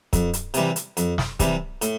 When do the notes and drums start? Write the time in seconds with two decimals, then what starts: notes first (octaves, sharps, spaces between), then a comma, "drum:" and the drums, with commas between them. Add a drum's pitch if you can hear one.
0.13 F2, drum: kick C#1, hi-hat
0.33 drum: hi-hat
0.54 C3 E3 G3, drum: hi-hat
0.76 drum: hi-hat
0.97 F2, drum: hi-hat
1.18 drum: snare
1.40 C3 E3 G3, drum: kick C#1, hi-hat
1.82 A2, drum: hi-hat